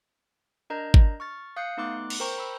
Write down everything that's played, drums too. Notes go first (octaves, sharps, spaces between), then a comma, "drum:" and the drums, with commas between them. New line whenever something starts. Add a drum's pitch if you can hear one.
D4 A#4 D#5 A#5 G6
drum: kick
C#6 F6 A6
F5 D#6 F#6 G6 C7 C#7
A3 B3 D#4 C6 D6 F#6
drum: cymbal
A#4 C5 G5 A#5 C#6
B5 E6